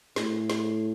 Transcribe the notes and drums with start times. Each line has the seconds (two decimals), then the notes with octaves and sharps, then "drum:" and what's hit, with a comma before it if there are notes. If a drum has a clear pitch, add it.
0.16 A2, drum: snare
0.50 drum: snare